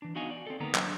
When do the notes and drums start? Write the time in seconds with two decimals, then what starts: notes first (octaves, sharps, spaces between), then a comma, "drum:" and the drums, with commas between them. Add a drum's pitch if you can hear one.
0.02 E3 D4
0.15 B3 D#4 F#4 D#5 F5 G#5
0.30 D5
0.47 C4 A4
0.60 D2 D#3 A#3 B3 A#5
0.75 F#3 D4, drum: clap